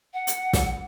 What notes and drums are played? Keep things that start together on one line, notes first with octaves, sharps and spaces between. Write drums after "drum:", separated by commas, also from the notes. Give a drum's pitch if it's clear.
F#5
drum: hi-hat
drum: snare